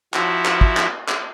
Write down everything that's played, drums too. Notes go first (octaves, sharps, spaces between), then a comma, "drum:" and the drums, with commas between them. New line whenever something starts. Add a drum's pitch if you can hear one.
F3 E4 F#4, drum: clap
drum: clap
drum: kick
drum: clap
drum: clap